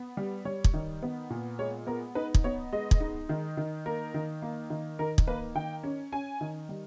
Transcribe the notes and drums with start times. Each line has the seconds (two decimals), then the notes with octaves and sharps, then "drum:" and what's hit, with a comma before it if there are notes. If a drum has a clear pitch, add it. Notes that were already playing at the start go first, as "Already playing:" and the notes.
Already playing: B3
0.17 G3
0.45 G3 C#5
0.64 drum: kick
0.74 D#3
1.03 B3
1.30 A#2
1.59 G#3 C#5
1.87 B3 A#4
2.15 D#4 B4
2.34 drum: kick
2.44 B3 C#5
2.72 G#3 D#5
2.91 drum: kick
3.01 D#4
3.29 D#3
3.57 D#3
3.86 A#3 A#4
4.14 D#3
4.42 A#3
4.70 D#3
4.99 D#3 A#4
5.18 drum: kick
5.27 A#3 B4
5.55 D#3 G5
5.83 C#4
6.12 C#4 G#5
6.41 D#3
6.69 G3